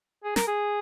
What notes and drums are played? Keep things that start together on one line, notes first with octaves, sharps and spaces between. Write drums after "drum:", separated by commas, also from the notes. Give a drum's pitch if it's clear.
G#4
A#4, drum: snare
G#4